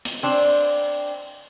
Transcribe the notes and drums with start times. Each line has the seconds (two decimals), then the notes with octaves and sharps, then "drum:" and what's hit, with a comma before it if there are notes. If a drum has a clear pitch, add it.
0.05 drum: hi-hat
0.23 C4 D4, drum: open hi-hat